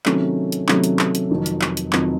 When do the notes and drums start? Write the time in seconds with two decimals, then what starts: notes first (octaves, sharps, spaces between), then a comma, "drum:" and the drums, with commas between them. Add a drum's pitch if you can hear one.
0.06 C3 D#3 F#3 A3 C#4, drum: clap
0.52 drum: hi-hat
0.69 C3 D#3 F#3 A3 C#4, drum: clap
0.84 drum: hi-hat
0.99 drum: clap
1.15 drum: hi-hat
1.30 F1 F2 D#3 F#3
1.46 drum: hi-hat
1.61 drum: clap
1.77 drum: hi-hat
1.93 F1 F2 D#3 F#3, drum: clap